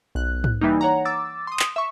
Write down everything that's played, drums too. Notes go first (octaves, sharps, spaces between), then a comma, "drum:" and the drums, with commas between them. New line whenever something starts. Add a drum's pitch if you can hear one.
B1 F#6
drum: tom G#2
E3 G3 A#3 D#4
C#5 F#5 A#5
D6 E6 A6
C6 D#6
drum: clap
E5 C#6